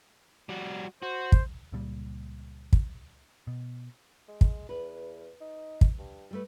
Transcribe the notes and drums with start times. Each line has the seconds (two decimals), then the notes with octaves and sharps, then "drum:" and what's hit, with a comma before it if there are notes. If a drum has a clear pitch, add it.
0.49 G3 F#4
1.02 F#4 C5
1.32 drum: kick
1.72 C#2 A#2 G3
2.73 drum: kick
3.47 B2
4.28 G#3
4.41 drum: kick
4.69 E2 B4
5.41 D#4
5.81 drum: kick
5.98 G2
6.31 G3 A3 B4